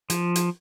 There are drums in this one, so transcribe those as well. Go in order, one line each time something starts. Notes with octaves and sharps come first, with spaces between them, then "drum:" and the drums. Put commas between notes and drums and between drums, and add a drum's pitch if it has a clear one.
F3, drum: hi-hat
drum: hi-hat